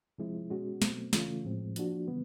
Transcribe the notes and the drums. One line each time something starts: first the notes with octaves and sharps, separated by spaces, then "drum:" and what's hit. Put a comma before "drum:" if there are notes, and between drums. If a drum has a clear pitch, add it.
C3 F3 G#3 C4 E4
B2 G#3 C#4 F#4
B2 F#3 A3 C4, drum: snare
C#3 E3 A3 C#4 F4, drum: snare
A2 F3 G#3 C4
F3 A#3 D4 F#4, drum: hi-hat
C#3 E3 G3 B3